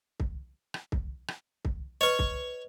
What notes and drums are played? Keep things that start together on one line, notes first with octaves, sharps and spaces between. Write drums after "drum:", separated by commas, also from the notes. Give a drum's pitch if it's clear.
drum: kick C2
drum: rim click
drum: kick C2
drum: rim click
drum: kick C2
B4 C#5 D#5 C#6
drum: kick C2